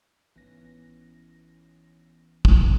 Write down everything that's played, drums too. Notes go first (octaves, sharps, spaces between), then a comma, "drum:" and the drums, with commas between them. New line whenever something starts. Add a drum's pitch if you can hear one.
G#1 E3 B3 C#4 A#6
drum: kick